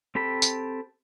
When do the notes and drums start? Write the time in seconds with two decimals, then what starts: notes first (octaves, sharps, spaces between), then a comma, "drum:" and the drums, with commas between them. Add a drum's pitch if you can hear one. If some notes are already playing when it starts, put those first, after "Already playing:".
0.15 C4 G4 A4 B5
0.42 drum: tambourine